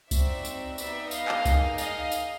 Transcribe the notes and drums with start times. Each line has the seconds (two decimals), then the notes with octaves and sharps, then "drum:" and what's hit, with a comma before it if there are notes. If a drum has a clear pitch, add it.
0.11 C4 D#4 F#4 D5 E5, drum: kick C2, tambourine
0.45 drum: tambourine
0.78 B3 D#4 G4 D5 E5, drum: tambourine
1.11 D#5 F5, drum: tambourine
1.28 drum: clap
1.45 A#3 D#4 G#4, drum: kick C2, tambourine
1.78 D#5 F5, drum: tambourine
2.12 drum: tambourine